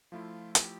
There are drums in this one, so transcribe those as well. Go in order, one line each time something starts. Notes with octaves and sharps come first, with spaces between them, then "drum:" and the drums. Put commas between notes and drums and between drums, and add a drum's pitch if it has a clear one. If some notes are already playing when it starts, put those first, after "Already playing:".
F3 A3 E4 F4
G4, drum: hi-hat